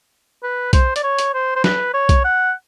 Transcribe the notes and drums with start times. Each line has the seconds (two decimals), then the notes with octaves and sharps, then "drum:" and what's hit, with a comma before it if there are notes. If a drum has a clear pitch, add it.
0.43 B4
0.73 C5, drum: kick B1, hi-hat
0.96 D5, drum: hi-hat
1.03 C#5
1.19 drum: hi-hat
1.34 C5
1.56 C5
1.64 B4, drum: snare
1.94 C#5
2.09 drum: kick B1, hi-hat
2.24 F#5